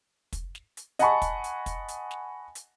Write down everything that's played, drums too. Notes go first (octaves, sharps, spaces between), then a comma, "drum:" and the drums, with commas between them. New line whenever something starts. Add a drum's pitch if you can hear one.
drum: kick, hi-hat
drum: snare
drum: hi-hat
D#5 F#5 G#5 A5 B5 C#6, drum: hi-hat
drum: kick, hi-hat
drum: hi-hat
drum: kick, hi-hat
drum: hi-hat
drum: snare
drum: hi-hat